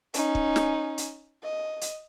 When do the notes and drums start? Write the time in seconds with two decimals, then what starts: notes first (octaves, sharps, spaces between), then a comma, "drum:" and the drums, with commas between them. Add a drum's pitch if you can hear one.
0.14 C#4 D#4, drum: hi-hat
0.35 drum: kick
0.56 drum: snare
0.98 drum: hi-hat
1.44 D#5
1.81 drum: hi-hat